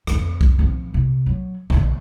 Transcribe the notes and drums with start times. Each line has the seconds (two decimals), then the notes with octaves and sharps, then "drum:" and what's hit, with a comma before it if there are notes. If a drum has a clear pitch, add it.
0.07 F2 D3, drum: rim click
0.41 drum: kick
0.59 F3 C4
0.94 C3
1.26 F#3
1.70 A#1 D3, drum: tom C3